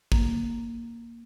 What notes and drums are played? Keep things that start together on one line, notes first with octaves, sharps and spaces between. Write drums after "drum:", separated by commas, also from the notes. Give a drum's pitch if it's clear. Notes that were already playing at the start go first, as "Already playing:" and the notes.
A#3, drum: kick